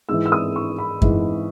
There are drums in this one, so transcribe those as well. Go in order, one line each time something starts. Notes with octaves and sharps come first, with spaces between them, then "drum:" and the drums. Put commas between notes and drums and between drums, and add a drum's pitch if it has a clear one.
G#2 E3 E6
E6
D#6
C#6
B5
G#2 E3, drum: kick F#2